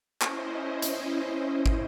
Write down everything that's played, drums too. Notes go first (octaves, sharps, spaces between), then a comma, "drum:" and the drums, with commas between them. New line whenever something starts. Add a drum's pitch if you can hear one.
C#4 E4 C5 D#5, drum: clap
drum: hi-hat
drum: kick